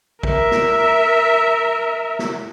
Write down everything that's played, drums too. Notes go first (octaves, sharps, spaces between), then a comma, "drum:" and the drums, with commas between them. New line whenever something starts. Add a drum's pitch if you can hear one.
A#4 E5, drum: kick
drum: snare
drum: snare